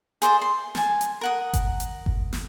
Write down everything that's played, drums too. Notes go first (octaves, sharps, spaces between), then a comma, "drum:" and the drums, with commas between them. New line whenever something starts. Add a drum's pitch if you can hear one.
G#4 C5 D5 E5, drum: hi-hat
C6
G#5 A5, drum: snare
drum: hi-hat
A#4 F#5 D#6
drum: kick G1, hi-hat
drum: hi-hat
drum: kick G1
drum: snare